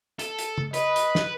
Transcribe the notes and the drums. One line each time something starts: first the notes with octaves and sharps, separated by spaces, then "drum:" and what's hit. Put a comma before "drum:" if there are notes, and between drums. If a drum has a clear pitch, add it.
A4, drum: hi-hat
drum: hi-hat
drum: tom
B4 D#5, drum: hi-hat
drum: hi-hat
drum: snare